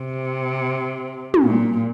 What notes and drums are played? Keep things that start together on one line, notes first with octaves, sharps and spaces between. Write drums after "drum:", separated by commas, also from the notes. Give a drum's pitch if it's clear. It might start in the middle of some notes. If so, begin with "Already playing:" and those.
Already playing: C3
drum: tom
A#2